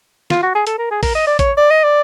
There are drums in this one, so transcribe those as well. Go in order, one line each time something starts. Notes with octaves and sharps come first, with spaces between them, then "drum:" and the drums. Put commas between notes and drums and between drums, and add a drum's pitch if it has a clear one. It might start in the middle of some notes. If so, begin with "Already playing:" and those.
F4, drum: snare
F#4
G#4
A4, drum: hi-hat
A#4
G#4
A#4, drum: kick, open hi-hat
D#5
D5
C#5, drum: kick, hi-hat
D5
D#5
D5